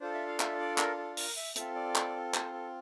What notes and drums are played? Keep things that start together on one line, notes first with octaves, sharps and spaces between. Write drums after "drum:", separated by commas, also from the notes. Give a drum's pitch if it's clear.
D4 F4 A4 C5
E5
F5
E5, drum: clap
D5
A#4, drum: clap
A4
A#4, drum: open hi-hat
E5
C4 F4 A4 E5, drum: hi-hat
D5
drum: clap
C5, drum: clap
A4